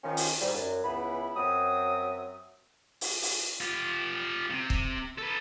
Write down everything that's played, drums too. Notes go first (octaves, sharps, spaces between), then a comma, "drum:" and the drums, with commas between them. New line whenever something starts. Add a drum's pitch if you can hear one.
D#3 F3 C#4
drum: open hi-hat
G#2 D3 G3
F#2
C#2 E3 B3 E4 B5
F#2 F#3 C4 E5 D#6
drum: open hi-hat
drum: open hi-hat
F4 G4
C3
drum: kick
A4 B4